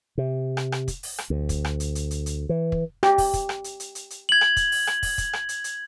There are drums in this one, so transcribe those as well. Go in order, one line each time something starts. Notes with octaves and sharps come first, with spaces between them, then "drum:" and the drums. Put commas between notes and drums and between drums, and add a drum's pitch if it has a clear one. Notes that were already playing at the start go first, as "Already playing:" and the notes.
C3
drum: rim click
drum: rim click
drum: kick, hi-hat
drum: open hi-hat
drum: rim click
D2
drum: kick, hi-hat
drum: rim click
drum: hi-hat
drum: hi-hat
drum: hi-hat
drum: hi-hat
E3
drum: kick
G4, drum: rim click
drum: kick, open hi-hat
drum: kick, hi-hat
drum: rim click
drum: hi-hat
drum: hi-hat
drum: hi-hat
drum: hi-hat
G#6 F#7
drum: rim click
drum: kick, hi-hat
drum: open hi-hat
drum: rim click
drum: kick, open hi-hat
drum: kick, hi-hat
drum: rim click
drum: hi-hat
drum: hi-hat